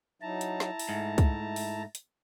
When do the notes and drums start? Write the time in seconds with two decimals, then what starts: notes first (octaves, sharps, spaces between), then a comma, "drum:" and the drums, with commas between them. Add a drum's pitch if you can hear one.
0.22 F#3 D#4 E4 A5 A#5
0.41 drum: hi-hat
0.60 drum: snare
0.79 drum: open hi-hat
0.89 G#2 A3
1.18 drum: kick, hi-hat
1.56 drum: open hi-hat
1.95 drum: hi-hat